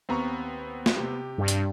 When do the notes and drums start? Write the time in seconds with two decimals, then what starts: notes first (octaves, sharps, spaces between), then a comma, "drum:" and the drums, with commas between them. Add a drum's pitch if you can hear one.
0.09 D#2 B3 C4 A#5 C#6
0.86 drum: snare
0.96 C3 G4
1.38 G2
1.48 drum: hi-hat